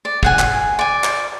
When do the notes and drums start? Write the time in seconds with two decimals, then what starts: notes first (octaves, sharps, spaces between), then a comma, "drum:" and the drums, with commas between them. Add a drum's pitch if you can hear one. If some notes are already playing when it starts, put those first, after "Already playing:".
0.05 D5
0.23 G#4 F#5 G#5, drum: kick
0.39 drum: clap
0.79 D5 G#5
1.04 drum: clap